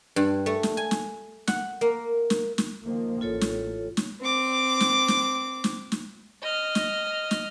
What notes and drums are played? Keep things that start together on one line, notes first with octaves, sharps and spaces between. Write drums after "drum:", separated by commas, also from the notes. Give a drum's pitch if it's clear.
G2
A3
drum: snare
G#5
drum: snare
F#5, drum: snare
A#3
drum: snare
drum: snare
D#3 F3 A#3
A1 F4 A4 C#5
drum: snare
drum: snare
C4 D6
drum: snare
drum: snare
drum: snare
drum: snare
D#5 F6
drum: snare
drum: snare